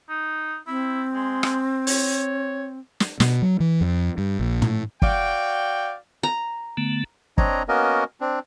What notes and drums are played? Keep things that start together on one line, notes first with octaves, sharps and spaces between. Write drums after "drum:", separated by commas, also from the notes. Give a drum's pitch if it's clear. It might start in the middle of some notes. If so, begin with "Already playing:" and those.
D#4
C4 E4
G#3
drum: rim click
C#5, drum: open hi-hat
drum: snare
B2, drum: snare
F#3
E3
F2
G2
A#1
A2, drum: tom
F#4 D5 F5 G5, drum: kick
A#5
D3 A3 B3
C4 D4 C#5 D#5 A#5, drum: kick
A#3 B3 C#4 F#4 A#4 D#5
C4 D4